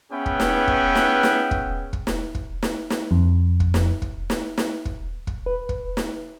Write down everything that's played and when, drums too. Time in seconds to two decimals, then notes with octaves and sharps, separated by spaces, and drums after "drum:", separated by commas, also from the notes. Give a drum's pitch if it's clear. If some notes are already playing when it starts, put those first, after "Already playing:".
0.12 B3 C#4 G#4 B4 E5 G5
0.26 drum: kick
0.40 drum: snare
0.68 drum: kick
0.95 drum: snare
1.23 drum: snare
1.51 drum: kick
1.93 drum: kick
2.07 drum: snare
2.35 drum: kick
2.63 drum: snare
2.90 drum: snare
3.11 F2
3.60 drum: kick
3.74 drum: snare
4.02 drum: kick
4.30 drum: snare
4.58 drum: snare
4.85 drum: kick
5.27 drum: kick
5.46 B4
5.69 drum: kick
5.97 drum: snare